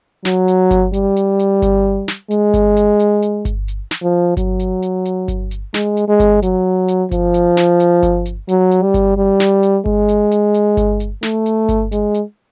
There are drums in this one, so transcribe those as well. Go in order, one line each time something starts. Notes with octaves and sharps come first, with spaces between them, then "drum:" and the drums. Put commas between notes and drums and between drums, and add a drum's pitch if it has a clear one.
F#3, drum: snare
drum: hi-hat
drum: kick G1, hi-hat
G3, drum: hi-hat
drum: hi-hat
drum: hi-hat
drum: kick G1, hi-hat
drum: snare
G#3, drum: hi-hat
drum: kick G1, hi-hat
drum: hi-hat
drum: hi-hat
drum: hi-hat
drum: kick G1, hi-hat
drum: hi-hat
drum: snare
F3
F#3, drum: kick G1, hi-hat
drum: hi-hat
drum: hi-hat
drum: hi-hat
drum: kick G1, hi-hat
drum: hi-hat
G#3, drum: snare
drum: hi-hat
G#3
drum: kick G1, hi-hat
F#3, drum: hi-hat
drum: hi-hat
F3, drum: kick G1, hi-hat
drum: hi-hat
drum: snare
drum: hi-hat
drum: kick G1, hi-hat
drum: hi-hat
F#3, drum: hi-hat
drum: hi-hat
G3
drum: kick G1, hi-hat
G3
drum: snare
drum: hi-hat
G#3, drum: kick G1
drum: hi-hat
drum: hi-hat
drum: hi-hat
drum: kick G1, hi-hat
drum: hi-hat
A3, drum: snare
drum: hi-hat
drum: kick G1, hi-hat
G#3, drum: hi-hat
drum: hi-hat